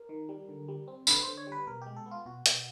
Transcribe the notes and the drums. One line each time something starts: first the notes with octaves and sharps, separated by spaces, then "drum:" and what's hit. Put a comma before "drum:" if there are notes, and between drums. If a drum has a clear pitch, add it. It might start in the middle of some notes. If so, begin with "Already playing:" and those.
Already playing: A#4
D#3
G3
D3
G3
C4
D3 B4, drum: tambourine
D3 C5
C#5
G3
B4
B2 A#4
G#3 G4
A4
B3
F4
B2 F#4
B2, drum: hi-hat